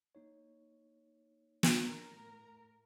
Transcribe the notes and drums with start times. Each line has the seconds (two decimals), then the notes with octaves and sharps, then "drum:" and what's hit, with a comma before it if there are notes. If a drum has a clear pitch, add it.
0.15 A#3 D#4 C#5
1.63 drum: snare
1.84 A2 A#4 A#5